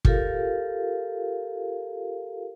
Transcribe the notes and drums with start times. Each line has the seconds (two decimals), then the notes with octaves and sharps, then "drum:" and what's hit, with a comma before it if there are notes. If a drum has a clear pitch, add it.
0.05 F4 G4 A4 A#4 F5, drum: kick